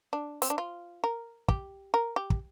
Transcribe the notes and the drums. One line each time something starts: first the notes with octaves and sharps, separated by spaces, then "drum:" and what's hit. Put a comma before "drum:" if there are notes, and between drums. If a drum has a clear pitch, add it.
D4
C4, drum: hi-hat
D4
F4
A#4
G4, drum: kick
A#4
G4
drum: kick